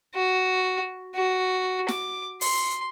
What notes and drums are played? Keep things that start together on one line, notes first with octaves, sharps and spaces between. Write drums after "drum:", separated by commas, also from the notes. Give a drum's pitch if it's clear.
F#4
F#4
D6, drum: snare
C6, drum: open hi-hat